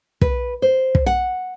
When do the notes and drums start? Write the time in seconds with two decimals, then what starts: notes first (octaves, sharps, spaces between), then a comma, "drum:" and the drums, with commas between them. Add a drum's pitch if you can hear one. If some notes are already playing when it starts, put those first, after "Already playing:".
0.21 B4, drum: kick
0.62 C5
0.95 drum: kick
1.06 F#5